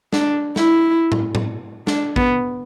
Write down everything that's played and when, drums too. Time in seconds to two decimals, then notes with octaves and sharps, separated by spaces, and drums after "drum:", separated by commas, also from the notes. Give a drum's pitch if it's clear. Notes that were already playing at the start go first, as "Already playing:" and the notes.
0.13 D4, drum: snare
0.56 E4, drum: snare
1.12 drum: tom A2
1.35 drum: tom A2
1.87 D4, drum: snare
2.16 B3, drum: kick